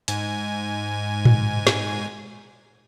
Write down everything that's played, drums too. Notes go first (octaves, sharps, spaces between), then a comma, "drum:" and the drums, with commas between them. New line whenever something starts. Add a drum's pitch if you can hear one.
G#2 G#5 G#6, drum: hi-hat
drum: tom A2
drum: snare